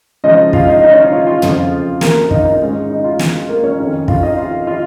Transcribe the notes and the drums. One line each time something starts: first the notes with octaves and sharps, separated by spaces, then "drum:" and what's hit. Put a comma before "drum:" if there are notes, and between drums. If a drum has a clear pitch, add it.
C#3 F3 G#3 C#4 D#4 D#5
F4 F5, drum: kick
D#4 D#5
D#4 D#5
C#4 C#5
D#4
F4
F4
F2 C#3 F3, drum: tom
A#3 A#4, drum: snare
D#4, drum: kick
D#4
G#2 G#3 C#4
D#4
F4
drum: snare
A#3 A#4
C#4 C#5
F2 D#3 C#4
F4 F5, drum: kick
D#4 D#5
F4 F5
F4 F5